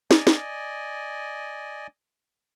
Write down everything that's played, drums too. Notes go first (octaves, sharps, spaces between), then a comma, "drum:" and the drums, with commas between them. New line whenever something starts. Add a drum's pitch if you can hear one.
D5 D#5 G#5, drum: snare
drum: snare